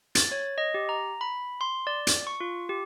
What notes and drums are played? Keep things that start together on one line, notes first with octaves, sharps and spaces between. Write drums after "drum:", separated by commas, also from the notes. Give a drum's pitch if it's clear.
A6, drum: hi-hat
C#5
D#5
G4
A#5
B5
C6
D5
drum: hi-hat
C#6
F4
G4